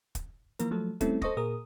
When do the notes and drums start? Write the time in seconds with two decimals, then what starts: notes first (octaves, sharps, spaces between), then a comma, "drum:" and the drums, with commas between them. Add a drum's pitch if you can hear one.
0.15 drum: kick, hi-hat
0.59 E3 F3 A#3 A#4, drum: hi-hat
0.71 F3 F#3 A3 A4
1.01 G3 A3 C4 C#4 E4 A4, drum: kick, hi-hat
1.22 A4 C5 D#5 C#6 D#6 A#6, drum: kick
1.37 A#2 G#4 A#4 D#6